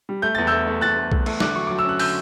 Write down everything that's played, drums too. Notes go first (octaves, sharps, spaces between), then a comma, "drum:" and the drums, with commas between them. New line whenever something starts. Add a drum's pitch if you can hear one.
G3
A3 G6
E2 A6
A3 E6 G6
A3
E2 F#6 A6
A3
A3, drum: kick
A3, drum: cymbal
D3 D6 F#6, drum: snare
F#3 C#6
F#3 D6
E6
C#4 F#6
D3 E6 G6, drum: open hi-hat